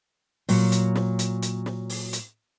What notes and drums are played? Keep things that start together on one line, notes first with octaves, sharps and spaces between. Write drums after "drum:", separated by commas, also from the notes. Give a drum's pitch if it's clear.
A#2 F#3, drum: open hi-hat
drum: hi-hat
drum: snare
drum: hi-hat
drum: hi-hat
drum: snare
drum: open hi-hat
drum: hi-hat